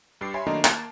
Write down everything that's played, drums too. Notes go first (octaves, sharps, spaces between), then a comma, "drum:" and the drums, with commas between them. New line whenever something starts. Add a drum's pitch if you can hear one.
G2 G4 C7
C#5 E5 G#5 B5 C6
D#3 F#3 A3 A#3 D4 D#4
A#3 A5, drum: clap